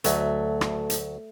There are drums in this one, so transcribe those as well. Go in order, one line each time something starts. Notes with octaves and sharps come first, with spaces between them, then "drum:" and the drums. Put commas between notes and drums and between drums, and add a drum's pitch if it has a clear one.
D2 F#3 A3 D#5, drum: hi-hat
drum: rim click
drum: hi-hat